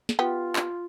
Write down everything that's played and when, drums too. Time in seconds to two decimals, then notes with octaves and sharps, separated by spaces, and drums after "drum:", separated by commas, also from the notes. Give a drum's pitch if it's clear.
0.09 drum: snare
0.19 B3 F4 G4
0.56 drum: clap